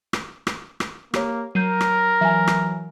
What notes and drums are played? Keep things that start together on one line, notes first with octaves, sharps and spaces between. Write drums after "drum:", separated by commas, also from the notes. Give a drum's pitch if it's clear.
drum: rim click
drum: rim click
drum: rim click
A#3 G4 C#5, drum: rim click
F#3 A#4 G6 C7 D#7
drum: rim click
E3 F#3 E5 G#5
drum: rim click